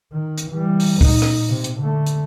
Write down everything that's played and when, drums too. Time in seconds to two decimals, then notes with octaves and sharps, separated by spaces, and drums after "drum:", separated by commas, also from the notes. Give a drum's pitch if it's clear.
0.12 D#3
0.38 drum: hi-hat
0.51 E3 G3
0.80 drum: open hi-hat
1.01 A#2 D#4, drum: kick, open hi-hat
1.22 drum: rim click
1.49 C3
1.64 drum: hi-hat
1.81 D3 A3
2.07 drum: hi-hat